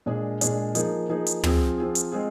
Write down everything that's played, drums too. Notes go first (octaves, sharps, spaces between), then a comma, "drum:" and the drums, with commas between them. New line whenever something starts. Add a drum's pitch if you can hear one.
A#2 G#3 D4 G#4
A#2 G#3 D4 G#4, drum: hi-hat
F3 A#3 D#4 G#4, drum: hi-hat
F3 A#3 D#4 G#4
drum: hi-hat
F3 C4 F4 G#4, drum: tom
F3 C4 F4 G#4
drum: hi-hat
G#3 C4 F4 G#4